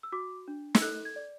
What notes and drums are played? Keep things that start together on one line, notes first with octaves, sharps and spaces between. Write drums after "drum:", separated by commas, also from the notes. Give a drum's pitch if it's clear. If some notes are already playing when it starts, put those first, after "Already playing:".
E6
F#4 D6
D4
E6, drum: snare
A4 F#6
G#6
D5